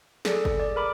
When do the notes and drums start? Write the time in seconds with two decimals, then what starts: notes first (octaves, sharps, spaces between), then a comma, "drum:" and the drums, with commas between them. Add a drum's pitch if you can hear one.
0.25 G#4 A4 D5, drum: snare
0.45 drum: kick
0.60 D5
0.76 A#4 B5 D6